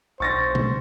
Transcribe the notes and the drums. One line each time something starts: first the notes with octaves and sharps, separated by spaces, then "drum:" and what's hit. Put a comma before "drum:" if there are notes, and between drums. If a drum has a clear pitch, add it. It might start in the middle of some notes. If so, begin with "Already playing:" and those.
B1 C5 C#6 A6 A#6
drum: tom